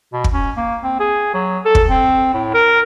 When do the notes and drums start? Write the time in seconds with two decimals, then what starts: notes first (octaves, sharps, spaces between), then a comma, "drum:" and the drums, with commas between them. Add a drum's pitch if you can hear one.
0.13 B2
0.24 drum: kick
0.34 C#4
0.57 A#3
0.83 C4
1.00 G#4
1.34 F#3
1.65 A4
1.75 drum: kick
1.90 C4
2.33 A2
2.54 A#4